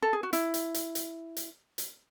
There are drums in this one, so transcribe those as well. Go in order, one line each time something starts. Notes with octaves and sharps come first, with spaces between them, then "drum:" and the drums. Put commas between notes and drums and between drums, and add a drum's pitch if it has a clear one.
A4
G#4
F#4
E4, drum: hi-hat
drum: hi-hat
drum: hi-hat
drum: hi-hat
drum: hi-hat
drum: hi-hat